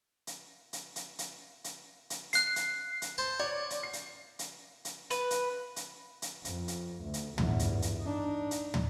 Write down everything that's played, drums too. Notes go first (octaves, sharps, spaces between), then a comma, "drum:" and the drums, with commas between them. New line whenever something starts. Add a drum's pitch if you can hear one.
drum: hi-hat
drum: hi-hat
drum: hi-hat
drum: hi-hat
drum: hi-hat
drum: hi-hat
F#6 C7, drum: hi-hat
drum: hi-hat
drum: hi-hat
C5 A5
C#5 D5
drum: hi-hat
C7
drum: hi-hat
drum: hi-hat
drum: hi-hat
B4, drum: hi-hat
drum: hi-hat
drum: hi-hat
drum: hi-hat
F2, drum: hi-hat
drum: hi-hat
D2
drum: hi-hat
G1 E2, drum: tom
drum: hi-hat
drum: hi-hat
D4 D#4
drum: hi-hat
drum: tom